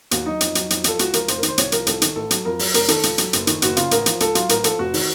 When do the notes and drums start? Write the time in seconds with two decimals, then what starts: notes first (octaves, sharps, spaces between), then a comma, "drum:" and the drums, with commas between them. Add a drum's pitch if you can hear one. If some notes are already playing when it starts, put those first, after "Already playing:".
0.11 D#2 F#4, drum: hi-hat
0.26 F#3 D#4
0.41 F2, drum: hi-hat
0.55 F#3, drum: hi-hat
0.70 F2, drum: hi-hat
0.84 F3 A4, drum: hi-hat
0.99 C#2 F#4, drum: hi-hat
1.13 F3 A#4, drum: hi-hat
1.28 F1 C5, drum: hi-hat
1.38 A#4
1.43 D#3 C5, drum: hi-hat
1.58 C2 C#5, drum: hi-hat
1.72 F3 A#4, drum: hi-hat
1.87 C2 A4, drum: hi-hat
2.02 D#3, drum: hi-hat
2.16 A1 A4
2.31 F#3, drum: hi-hat
2.45 F2 A#4
2.59 F#3, drum: open hi-hat
2.74 F1 A#4, drum: hi-hat
2.88 D#3 A4, drum: hi-hat
3.03 C#2, drum: hi-hat
3.18 F#3, drum: hi-hat
3.33 F#1, drum: hi-hat
3.47 D#3, drum: hi-hat
3.62 F#1 F#4, drum: hi-hat
3.77 C#3 F4, drum: hi-hat
3.91 A1 A#4, drum: hi-hat
4.06 F3, drum: hi-hat
4.20 C#2 A4, drum: hi-hat
4.35 F#3 F4, drum: hi-hat
4.49 A1 A#4, drum: hi-hat
4.64 F3 A4, drum: hi-hat
4.79 F1 F#4
4.94 D#3, drum: open hi-hat